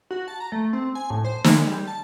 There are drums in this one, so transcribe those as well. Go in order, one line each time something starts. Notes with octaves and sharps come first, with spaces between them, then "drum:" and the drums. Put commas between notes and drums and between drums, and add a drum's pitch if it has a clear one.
F#4
A5
A#5
A3
C4
G#5
A2
C5
G#3, drum: snare
G3
A5